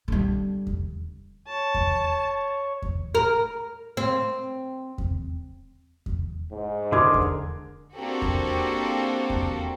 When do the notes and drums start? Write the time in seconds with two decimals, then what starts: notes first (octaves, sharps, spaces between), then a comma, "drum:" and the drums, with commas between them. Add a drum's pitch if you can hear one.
0.08 D3 G3
0.67 drum: kick E2
1.47 C#5 A5
1.74 drum: kick E2
2.82 drum: kick E2
3.15 A#4
3.97 C4
4.98 drum: kick E2
6.06 drum: kick E2
6.51 G#2
6.92 D3 G#4 A#4 C6 D6 G#6
7.14 drum: kick E2
7.95 A#3 C4 D4 F#4 G4 A4
8.22 drum: kick E2
9.30 drum: kick E2